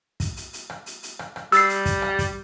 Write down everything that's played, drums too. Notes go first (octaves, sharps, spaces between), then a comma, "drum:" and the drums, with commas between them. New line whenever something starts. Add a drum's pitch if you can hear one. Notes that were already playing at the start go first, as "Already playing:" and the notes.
drum: kick, hi-hat
drum: hi-hat
drum: hi-hat
drum: rim click
drum: hi-hat
drum: hi-hat
drum: rim click
drum: rim click
G3 E6 A6 C7, drum: hi-hat
drum: hi-hat
drum: kick, hi-hat
drum: rim click
drum: kick, hi-hat